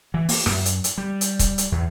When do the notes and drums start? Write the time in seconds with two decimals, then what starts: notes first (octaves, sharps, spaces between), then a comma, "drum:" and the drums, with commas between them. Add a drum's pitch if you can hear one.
0.14 E3
0.29 A#3, drum: open hi-hat
0.46 F#2, drum: rim click
0.66 drum: hi-hat
0.84 drum: hi-hat
0.98 G3
1.21 drum: hi-hat
1.39 drum: kick C#1, hi-hat
1.58 drum: hi-hat
1.72 E2